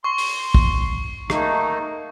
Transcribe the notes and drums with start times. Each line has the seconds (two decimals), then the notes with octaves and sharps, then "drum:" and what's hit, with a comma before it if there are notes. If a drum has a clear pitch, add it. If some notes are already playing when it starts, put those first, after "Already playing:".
0.04 C6 C#6
0.18 drum: open hi-hat
0.54 drum: kick
1.30 A3 A#3 D#4, drum: rim click